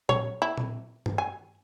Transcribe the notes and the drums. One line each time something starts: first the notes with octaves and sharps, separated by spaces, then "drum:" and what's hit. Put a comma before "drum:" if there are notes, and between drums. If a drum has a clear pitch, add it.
C#5, drum: tom A#2
E4
drum: tom A#2
drum: tom G2
G#5